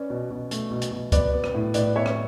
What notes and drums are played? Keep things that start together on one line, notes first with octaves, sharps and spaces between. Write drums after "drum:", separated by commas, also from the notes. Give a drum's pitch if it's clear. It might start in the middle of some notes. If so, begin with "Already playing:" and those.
Already playing: C#4 B4 D5
B2
B2
A3, drum: hi-hat
B2
drum: hi-hat
B2
B3 B4 D5, drum: kick C2, hi-hat
B3
drum: rim click
A2
A2 B4 D5, drum: hi-hat
B3 C#5 E5
drum: rim click